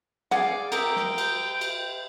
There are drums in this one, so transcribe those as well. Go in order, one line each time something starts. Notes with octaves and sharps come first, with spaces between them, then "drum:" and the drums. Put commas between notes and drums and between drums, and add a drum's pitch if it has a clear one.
G#4 D5 F5 F#5, drum: snare
A#4 D#5 E5 G5, drum: cymbal
drum: snare
drum: cymbal
drum: cymbal